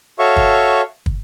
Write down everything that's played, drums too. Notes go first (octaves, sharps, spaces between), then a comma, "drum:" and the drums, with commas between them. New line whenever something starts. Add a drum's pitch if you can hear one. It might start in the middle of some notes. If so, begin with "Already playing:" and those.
F#4 A4 C#5 E5 F5 C#6
drum: kick
drum: kick